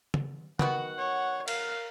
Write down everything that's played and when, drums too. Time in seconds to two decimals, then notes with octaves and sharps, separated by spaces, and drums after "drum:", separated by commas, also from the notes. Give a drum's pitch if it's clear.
0.14 drum: tom C#3
0.59 D#3 B3 F#4 F#5, drum: tom C#3
0.98 C#5
1.48 A#4 F5, drum: cymbal